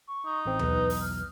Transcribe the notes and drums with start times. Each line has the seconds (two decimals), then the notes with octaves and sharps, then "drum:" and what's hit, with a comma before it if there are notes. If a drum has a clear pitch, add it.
0.07 C#6
0.26 D#4
0.46 A1 C4
0.59 B1 E2 B4, drum: tom D#2
0.90 drum: open hi-hat
1.00 F6